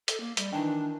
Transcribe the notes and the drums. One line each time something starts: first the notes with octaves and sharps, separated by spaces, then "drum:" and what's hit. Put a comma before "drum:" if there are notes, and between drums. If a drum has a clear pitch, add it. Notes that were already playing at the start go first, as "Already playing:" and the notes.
A4, drum: hi-hat
A#3
G3, drum: hi-hat
D#3 E3 D4